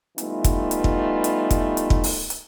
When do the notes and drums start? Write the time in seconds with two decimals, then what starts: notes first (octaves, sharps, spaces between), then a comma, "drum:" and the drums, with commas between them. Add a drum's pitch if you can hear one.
0.18 E3 G3 A3 B3 D#4 F4, drum: hi-hat
0.44 drum: kick, hi-hat
0.71 drum: hi-hat
0.84 drum: kick
1.24 drum: hi-hat
1.51 drum: kick, hi-hat
1.77 drum: hi-hat
1.90 drum: kick
2.04 drum: open hi-hat
2.30 drum: hi-hat